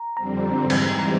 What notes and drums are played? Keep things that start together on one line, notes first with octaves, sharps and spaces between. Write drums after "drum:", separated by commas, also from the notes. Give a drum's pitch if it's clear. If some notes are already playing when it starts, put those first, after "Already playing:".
Already playing: A#5
F2 D3 G3 C4 A#5
G#2 E3 G3 C4
drum: cymbal
A#5